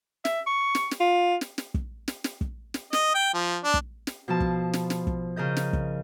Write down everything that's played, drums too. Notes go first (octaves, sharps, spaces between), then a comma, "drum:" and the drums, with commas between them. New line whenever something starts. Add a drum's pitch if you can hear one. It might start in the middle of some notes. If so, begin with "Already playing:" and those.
E5, drum: snare
C#6
drum: snare
drum: snare
F4
drum: snare
drum: snare
drum: kick
drum: snare
drum: snare
drum: kick
drum: snare
D#5, drum: snare
G5
F3
D4
drum: kick
drum: snare
B2 F3 A5
drum: kick
drum: snare
drum: snare
drum: kick
C#3 A#4 D#5 G6
drum: snare
drum: kick